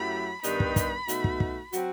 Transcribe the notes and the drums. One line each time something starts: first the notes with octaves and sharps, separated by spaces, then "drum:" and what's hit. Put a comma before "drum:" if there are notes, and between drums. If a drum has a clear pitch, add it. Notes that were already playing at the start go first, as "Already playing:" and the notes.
Already playing: F#2 F#3 A3 E4 G4 B5
G2 D#3 G3 B3 D#4 B5, drum: hi-hat
drum: kick
drum: kick, hi-hat
B2 A3 D#4 F#4, drum: hi-hat
drum: kick
drum: kick
F#3 C4 F#4, drum: hi-hat